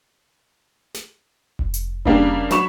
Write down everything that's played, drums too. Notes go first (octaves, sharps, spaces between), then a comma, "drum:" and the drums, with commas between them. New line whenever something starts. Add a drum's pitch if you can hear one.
drum: snare
drum: kick F1
drum: hi-hat
C#3 G3 A#3 D4, drum: kick F1
F#3 B5 C#6 E7, drum: snare